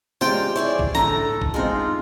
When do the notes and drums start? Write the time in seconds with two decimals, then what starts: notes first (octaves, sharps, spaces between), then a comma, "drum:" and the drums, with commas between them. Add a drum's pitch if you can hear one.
0.21 C3 G#3 F4 C5 D5 G5
0.56 E4 G#4 C#5 D5
0.79 drum: kick
0.95 A2 D3 A4 A#5, drum: snare
1.41 drum: kick
1.54 G#3 C4 D#4 F4 G#4